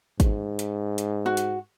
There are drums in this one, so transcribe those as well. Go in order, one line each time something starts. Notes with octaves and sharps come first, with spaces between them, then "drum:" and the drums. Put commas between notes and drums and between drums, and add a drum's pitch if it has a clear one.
G#2, drum: kick G#1, hi-hat
drum: hi-hat
drum: hi-hat
F#4
drum: hi-hat